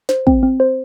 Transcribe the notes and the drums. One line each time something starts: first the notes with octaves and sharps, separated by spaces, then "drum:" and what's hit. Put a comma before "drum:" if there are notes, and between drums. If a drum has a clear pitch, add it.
C5, drum: snare
C4, drum: kick
C4
C5